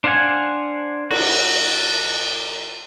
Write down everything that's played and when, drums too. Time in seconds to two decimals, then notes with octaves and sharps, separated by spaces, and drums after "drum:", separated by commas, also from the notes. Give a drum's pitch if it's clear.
0.04 D4 C5 F5 F#5 G#5
1.11 F#4, drum: cymbal